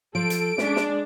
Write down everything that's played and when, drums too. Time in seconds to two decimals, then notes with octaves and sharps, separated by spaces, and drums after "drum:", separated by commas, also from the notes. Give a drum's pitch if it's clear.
0.15 F3 A4 D7
0.30 drum: hi-hat
0.58 G#3 D4 D5, drum: snare
0.76 drum: snare